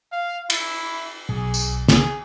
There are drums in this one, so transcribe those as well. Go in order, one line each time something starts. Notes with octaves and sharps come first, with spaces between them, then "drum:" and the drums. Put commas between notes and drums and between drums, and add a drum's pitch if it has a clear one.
F5
E4, drum: cymbal
B1 G#4
drum: tambourine
G#4, drum: snare